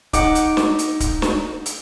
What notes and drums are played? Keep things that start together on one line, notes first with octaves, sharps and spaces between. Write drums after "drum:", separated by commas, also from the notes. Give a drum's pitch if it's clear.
D#4 F#5 D6, drum: kick D1, hi-hat
drum: hi-hat
drum: snare
drum: hi-hat
drum: kick D1, hi-hat
drum: snare
drum: hi-hat